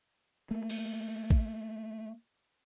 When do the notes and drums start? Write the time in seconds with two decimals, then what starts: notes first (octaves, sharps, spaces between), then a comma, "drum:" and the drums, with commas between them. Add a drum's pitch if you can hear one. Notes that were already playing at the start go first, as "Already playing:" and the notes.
0.51 A3 A#3
0.70 drum: cymbal
1.30 drum: kick